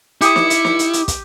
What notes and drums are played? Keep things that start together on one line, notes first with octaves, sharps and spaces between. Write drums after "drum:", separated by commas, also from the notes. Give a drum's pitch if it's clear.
E4 G4 D#6 C#7, drum: hi-hat
drum: snare
drum: hi-hat
drum: snare
drum: hi-hat
drum: hi-hat
drum: kick, hi-hat